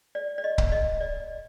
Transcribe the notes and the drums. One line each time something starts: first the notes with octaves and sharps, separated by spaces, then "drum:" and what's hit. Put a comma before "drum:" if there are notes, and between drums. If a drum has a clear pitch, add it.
D5
D5
D#5
drum: kick C#1
D#5
D5